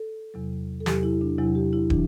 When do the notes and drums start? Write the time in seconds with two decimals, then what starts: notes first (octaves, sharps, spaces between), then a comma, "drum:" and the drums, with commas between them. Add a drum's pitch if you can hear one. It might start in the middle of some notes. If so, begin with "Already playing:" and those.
Already playing: A4
0.34 E2 C3 F#3
0.80 A4
0.86 E2 C3 F#3 G4, drum: snare
1.03 E4
1.21 D4
1.38 E2 C3 F#3 E4
1.55 G4
1.73 E4
1.90 E3 D4, drum: kick